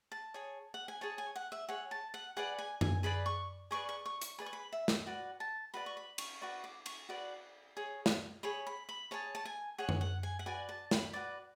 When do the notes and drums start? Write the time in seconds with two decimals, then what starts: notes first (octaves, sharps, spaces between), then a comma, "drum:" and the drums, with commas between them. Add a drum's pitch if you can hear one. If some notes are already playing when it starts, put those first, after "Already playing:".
0.12 A5
0.34 G#4 C#5
0.74 F#5
0.88 G#5
1.01 G#4 C#5 A5
1.18 G#5
1.36 F#5
1.52 E5
1.69 G#4 C#5 F#5
1.91 A5
2.14 F#5
2.37 G#4 B4 D5 F#5
2.59 G#5
2.81 G#5, drum: tom F#2
3.03 G#4 B4 D5 B5
3.26 C#6
3.71 G#4 B4 D5 C#6
3.89 C#6
4.06 C#6
4.21 C#6, drum: hi-hat
4.38 G#4 B4 D5 B5
4.46 C#6
4.53 B5
4.72 E5
4.88 drum: snare
5.06 F#4 B4 D5 F#5
5.40 A5
5.74 F#4 B4 D5 B5
5.86 C#6
5.97 B5
6.18 C#6, drum: cymbal
6.41 F#4 B4 D5 C#6
6.64 D6
6.86 C#6, drum: cymbal
7.09 F#4 B4 D5
7.77 G#4 C#5
8.06 drum: snare
8.43 G#4 C#5 B5
8.67 B5
8.89 B5
9.11 G#4 C#5 A5
9.35 A5
9.45 G#5
9.78 G#4 C#5 F#5
9.89 drum: tom F#2
10.01 F#5
10.23 G#5
10.39 F#5
10.46 F#4 B4 D5 G#5
10.69 A5
10.91 B5, drum: snare
11.13 F#4 B4 D5 D6